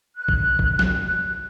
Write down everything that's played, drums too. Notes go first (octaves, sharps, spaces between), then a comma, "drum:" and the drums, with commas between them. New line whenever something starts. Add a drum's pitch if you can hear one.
F#6
drum: kick B1
drum: kick B1
drum: snare